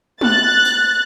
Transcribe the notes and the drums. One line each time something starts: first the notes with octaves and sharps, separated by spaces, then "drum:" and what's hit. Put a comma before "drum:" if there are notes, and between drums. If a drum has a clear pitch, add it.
F#6 A6, drum: tom G#3
drum: tambourine